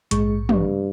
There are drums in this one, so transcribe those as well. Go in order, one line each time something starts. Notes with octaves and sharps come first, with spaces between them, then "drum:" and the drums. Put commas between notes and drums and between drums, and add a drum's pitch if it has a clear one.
A#1 G#2 G#3 C#6, drum: hi-hat
G2, drum: tom